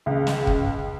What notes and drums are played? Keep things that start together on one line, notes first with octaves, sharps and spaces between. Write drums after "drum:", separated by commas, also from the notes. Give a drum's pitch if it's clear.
C#2
drum: snare
drum: kick